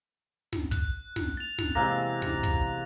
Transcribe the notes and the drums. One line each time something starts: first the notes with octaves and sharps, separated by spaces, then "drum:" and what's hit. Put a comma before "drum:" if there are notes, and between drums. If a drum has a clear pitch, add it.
drum: snare
F#6, drum: kick
drum: snare
A6 F7
drum: snare
E2 C3 G#3 A#3 F#6 A#6
drum: snare
drum: kick